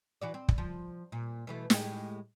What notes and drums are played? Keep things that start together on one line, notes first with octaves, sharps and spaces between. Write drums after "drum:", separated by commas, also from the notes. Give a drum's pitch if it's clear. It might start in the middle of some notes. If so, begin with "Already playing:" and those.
E3 F#4 D5
C4
drum: kick
F3
A#2
B2 E3 A3
A2 G#3 G4, drum: snare